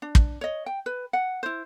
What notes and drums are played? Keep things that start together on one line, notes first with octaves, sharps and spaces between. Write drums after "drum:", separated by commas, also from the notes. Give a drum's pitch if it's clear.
D4
drum: kick
C#5 D#5
G5
B4
F#5
E4 C5